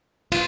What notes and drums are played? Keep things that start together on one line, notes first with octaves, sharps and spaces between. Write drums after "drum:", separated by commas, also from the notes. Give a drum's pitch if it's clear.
F4, drum: cymbal